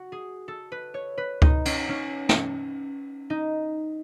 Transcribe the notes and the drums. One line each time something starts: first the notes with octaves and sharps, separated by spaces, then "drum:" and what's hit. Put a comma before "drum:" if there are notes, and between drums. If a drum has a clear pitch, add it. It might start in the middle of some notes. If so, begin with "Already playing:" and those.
Already playing: F#4
G#4
A4
B4
C#5
B4
D#4, drum: kick C#2
C#4, drum: cymbal
C#4
drum: snare
D#4